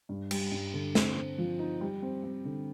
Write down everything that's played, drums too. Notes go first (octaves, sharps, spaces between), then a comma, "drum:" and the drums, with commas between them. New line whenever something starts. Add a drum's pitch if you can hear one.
G2
G3, drum: cymbal
G2
D3
C4, drum: snare
C4
F3
D#4
G3
C4
C4
D3